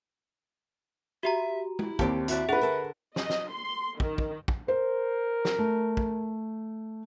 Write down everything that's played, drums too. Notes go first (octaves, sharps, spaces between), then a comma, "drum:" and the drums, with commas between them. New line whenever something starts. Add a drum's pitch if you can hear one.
F#4 G4 E5 A#5
E4, drum: tom
D#2 C4 G4 C#5 D5 A5, drum: kick
E4 F#4 D5 E5, drum: hi-hat
D4 F4 G#4 B4 F#5
D3 A4 A#4
D#5, drum: snare
drum: snare
C6
D#3, drum: kick
drum: kick
drum: kick
A#4 C5
drum: snare
A3
drum: kick